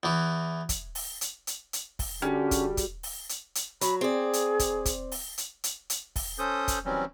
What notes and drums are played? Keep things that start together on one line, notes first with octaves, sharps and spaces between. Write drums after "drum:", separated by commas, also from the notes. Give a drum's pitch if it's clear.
E2 E3
drum: kick, hi-hat
drum: open hi-hat
drum: hi-hat
drum: hi-hat
drum: hi-hat
drum: kick, open hi-hat
D3 G3 C#4 F#4 G#4
drum: kick, hi-hat
drum: kick, hi-hat
drum: open hi-hat
drum: hi-hat
drum: hi-hat
F#3 B5, drum: hi-hat
C4 G#4 D5
drum: hi-hat
drum: kick, hi-hat
drum: kick, hi-hat
drum: open hi-hat
drum: hi-hat
drum: hi-hat
drum: hi-hat
drum: kick, open hi-hat
C#4 A4 C5 D#6 G6
drum: kick, hi-hat
E3 F#3 G3 C4 C#4